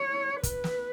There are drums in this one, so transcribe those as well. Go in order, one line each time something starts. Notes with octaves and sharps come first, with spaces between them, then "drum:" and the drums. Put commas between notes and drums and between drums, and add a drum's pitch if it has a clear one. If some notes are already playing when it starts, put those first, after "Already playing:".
Already playing: C#5
B4, drum: kick, hi-hat
drum: snare